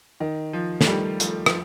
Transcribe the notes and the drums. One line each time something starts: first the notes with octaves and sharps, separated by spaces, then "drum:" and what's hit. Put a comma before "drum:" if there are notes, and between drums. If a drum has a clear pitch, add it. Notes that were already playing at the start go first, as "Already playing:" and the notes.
D#3
F3
A3, drum: snare
D#3 G3
F3 A3, drum: hi-hat
F3, drum: rim click